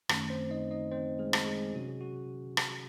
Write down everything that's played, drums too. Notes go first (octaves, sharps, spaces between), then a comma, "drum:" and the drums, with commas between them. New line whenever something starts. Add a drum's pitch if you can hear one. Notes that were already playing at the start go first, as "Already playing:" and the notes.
F#2 D#3 A3 C#4, drum: rim click
C4 C5
D#4 D#5
D#4 D#5
C4 C5
G#3 G#4
drum: rim click
G#3 G#4
C3 F#3 C#4 F#4
G#4
F#4
F#4
drum: rim click